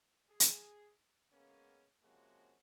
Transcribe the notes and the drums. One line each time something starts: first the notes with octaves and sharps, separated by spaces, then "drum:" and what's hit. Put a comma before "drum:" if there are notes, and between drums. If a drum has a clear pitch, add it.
G#4
drum: hi-hat
C#3 G#3 A#3 B3 C#4
C3 F3 G#3 A#3 C#4 F#4